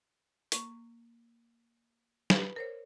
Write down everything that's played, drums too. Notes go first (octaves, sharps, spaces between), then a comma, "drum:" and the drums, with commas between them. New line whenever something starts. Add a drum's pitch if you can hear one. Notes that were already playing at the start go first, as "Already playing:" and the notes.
A#3 C#6, drum: hi-hat
B4 B5, drum: snare
A#4 C5 C#5